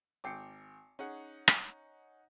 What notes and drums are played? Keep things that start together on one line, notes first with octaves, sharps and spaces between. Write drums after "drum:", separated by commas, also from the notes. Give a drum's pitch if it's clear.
G#1 G5 D6 C7 C#7
C#4 D#4 G#4 F#5
drum: rim click